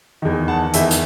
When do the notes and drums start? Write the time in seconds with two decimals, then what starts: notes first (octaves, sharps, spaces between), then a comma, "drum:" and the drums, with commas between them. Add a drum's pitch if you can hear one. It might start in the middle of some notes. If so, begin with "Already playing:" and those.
0.22 E2 D#3
0.48 F#5 A5
0.74 E2 D#3 E5 G#5, drum: hi-hat
0.91 drum: hi-hat